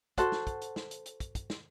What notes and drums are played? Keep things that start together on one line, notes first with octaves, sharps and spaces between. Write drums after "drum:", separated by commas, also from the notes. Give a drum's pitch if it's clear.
F#4 A4 C5 F#5, drum: kick, hi-hat
drum: snare
drum: kick, hi-hat
drum: hi-hat
drum: snare
drum: hi-hat
drum: hi-hat
drum: kick, hi-hat
drum: kick, hi-hat
drum: snare